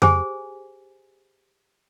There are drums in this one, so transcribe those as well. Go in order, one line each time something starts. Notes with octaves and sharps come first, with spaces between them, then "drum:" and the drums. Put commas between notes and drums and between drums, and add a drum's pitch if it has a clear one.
G4 G#4 C5 G#5, drum: tom F2